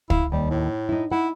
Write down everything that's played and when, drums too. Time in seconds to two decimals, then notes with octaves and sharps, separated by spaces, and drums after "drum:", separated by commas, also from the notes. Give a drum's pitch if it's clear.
0.10 E4 F5, drum: kick
0.32 D#2 G3
0.50 A2
0.89 D#4 E4
1.12 E4 F#5